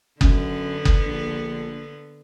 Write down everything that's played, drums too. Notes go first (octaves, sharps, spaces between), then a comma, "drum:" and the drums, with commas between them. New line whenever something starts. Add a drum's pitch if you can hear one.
F#2 D3 B3, drum: kick F#1
drum: kick F#1
A#1